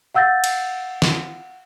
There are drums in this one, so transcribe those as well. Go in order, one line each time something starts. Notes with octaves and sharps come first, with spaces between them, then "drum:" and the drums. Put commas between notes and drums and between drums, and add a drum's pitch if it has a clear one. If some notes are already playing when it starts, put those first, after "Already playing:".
F5 F#5 E6 G6 A6 A#6
drum: cymbal
drum: snare